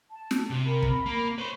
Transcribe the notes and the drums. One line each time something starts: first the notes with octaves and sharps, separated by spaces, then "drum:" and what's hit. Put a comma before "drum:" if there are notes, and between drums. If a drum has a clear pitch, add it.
A5
drum: snare
C3
A#4 B5
drum: kick
A#3
B4 C5 C#6